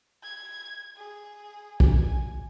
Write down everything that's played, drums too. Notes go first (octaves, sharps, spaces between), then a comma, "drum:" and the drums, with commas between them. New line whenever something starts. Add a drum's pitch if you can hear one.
G#6
G#4
G#5, drum: kick A#1